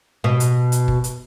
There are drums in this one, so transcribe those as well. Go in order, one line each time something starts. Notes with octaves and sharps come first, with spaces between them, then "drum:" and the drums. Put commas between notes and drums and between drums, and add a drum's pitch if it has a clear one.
B2
drum: hi-hat
drum: hi-hat
drum: kick
drum: hi-hat